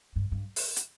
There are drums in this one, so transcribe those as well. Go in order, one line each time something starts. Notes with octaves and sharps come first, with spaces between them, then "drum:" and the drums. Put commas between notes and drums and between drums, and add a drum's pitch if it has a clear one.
G2
G2
drum: open hi-hat
drum: hi-hat